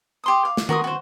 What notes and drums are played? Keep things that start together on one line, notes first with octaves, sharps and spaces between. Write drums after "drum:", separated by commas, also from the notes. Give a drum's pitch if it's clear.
G4 C6 D#6
F5
drum: snare
F#4 A#4 C6 D#6, drum: tom D#3
F#4 C5